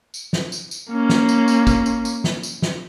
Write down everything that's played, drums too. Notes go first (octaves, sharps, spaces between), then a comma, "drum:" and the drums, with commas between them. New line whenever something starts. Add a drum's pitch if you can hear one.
drum: tambourine
drum: snare
drum: tambourine
drum: tambourine
A#3 C#4
drum: snare
drum: tambourine
drum: tambourine
drum: kick, tambourine
drum: tambourine
drum: tambourine
drum: snare
drum: tambourine
drum: snare